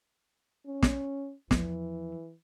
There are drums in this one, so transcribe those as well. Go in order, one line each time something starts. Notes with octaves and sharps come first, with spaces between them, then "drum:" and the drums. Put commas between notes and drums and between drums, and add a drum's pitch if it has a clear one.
C#4
drum: snare
E2 E3 F3, drum: snare